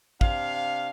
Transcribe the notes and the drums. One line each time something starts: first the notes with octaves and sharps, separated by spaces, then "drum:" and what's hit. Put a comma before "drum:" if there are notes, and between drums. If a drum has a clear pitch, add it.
C3 D4 F5, drum: kick